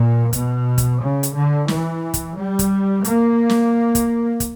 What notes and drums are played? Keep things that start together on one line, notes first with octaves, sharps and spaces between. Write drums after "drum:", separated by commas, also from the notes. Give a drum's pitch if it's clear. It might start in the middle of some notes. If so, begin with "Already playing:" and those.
Already playing: A#2
B2, drum: kick, hi-hat
drum: kick, hi-hat
C#3
drum: hi-hat
D3
E3, drum: snare
drum: kick, hi-hat
G3
drum: kick, hi-hat
A#3, drum: hi-hat
drum: snare
drum: kick, hi-hat
drum: kick, hi-hat